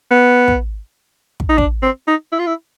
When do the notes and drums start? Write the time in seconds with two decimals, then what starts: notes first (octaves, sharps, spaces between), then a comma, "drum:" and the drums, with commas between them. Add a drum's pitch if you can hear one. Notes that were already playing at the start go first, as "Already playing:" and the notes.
0.11 B3
0.48 drum: kick
1.40 drum: kick
1.49 D#4
1.58 D4, drum: kick
1.83 C4
2.08 D#4
2.32 E4
2.39 F4
2.47 E4